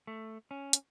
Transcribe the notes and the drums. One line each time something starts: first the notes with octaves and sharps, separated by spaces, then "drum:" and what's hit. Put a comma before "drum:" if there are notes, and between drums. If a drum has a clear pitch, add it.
A3
C#4
drum: hi-hat